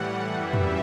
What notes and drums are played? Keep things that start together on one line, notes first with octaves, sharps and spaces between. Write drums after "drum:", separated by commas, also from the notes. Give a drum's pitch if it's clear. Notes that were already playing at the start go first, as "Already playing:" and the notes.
Already playing: A2 E3 G3 F#5
F#2 E3 G3 E5
drum: tom